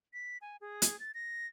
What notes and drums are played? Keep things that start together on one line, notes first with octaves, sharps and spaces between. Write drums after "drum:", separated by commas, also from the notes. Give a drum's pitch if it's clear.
B6
G#5
G#4
drum: hi-hat
A6
A#6